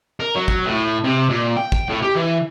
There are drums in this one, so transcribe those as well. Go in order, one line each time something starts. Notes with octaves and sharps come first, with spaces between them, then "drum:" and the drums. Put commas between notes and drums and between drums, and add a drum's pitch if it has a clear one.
A#4
F#3
drum: kick
A2
C3
A#2
G5
drum: kick
A2
G4
E3